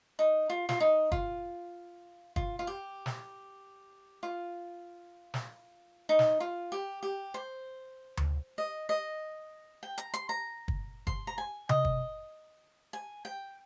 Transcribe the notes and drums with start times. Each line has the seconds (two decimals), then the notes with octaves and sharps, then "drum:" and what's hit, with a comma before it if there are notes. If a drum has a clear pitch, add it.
0.19 D#4
0.50 F4
0.69 F4, drum: snare
0.80 D#4
1.12 F4, drum: kick
2.36 F4, drum: kick
2.59 F4
2.67 G4
3.06 drum: snare
4.23 F4
5.34 drum: snare
6.09 D#4
6.19 drum: snare
6.40 F4
6.72 G4
7.03 G4
7.34 C5
8.17 drum: tom D2
8.58 D#5
8.89 D#5
9.83 G5
9.98 A#5, drum: hi-hat
10.14 C6, drum: hi-hat
10.29 A#5
10.68 drum: kick
11.07 C6, drum: kick
11.27 A#5
11.38 G#5
11.69 D#5, drum: tom C3
11.85 drum: kick
12.93 G#5
13.25 G5